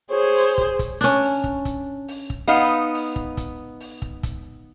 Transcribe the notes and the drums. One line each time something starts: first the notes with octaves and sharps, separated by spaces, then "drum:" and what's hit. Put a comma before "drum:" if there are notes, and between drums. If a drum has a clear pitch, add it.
G#4 C5 C#5
drum: open hi-hat
drum: kick
drum: kick, hi-hat
C#4 D4
drum: open hi-hat
drum: kick
drum: kick, hi-hat
drum: open hi-hat
drum: kick
B3 D#4 F5
drum: open hi-hat
drum: kick
drum: kick, hi-hat
drum: open hi-hat
drum: kick
drum: kick, hi-hat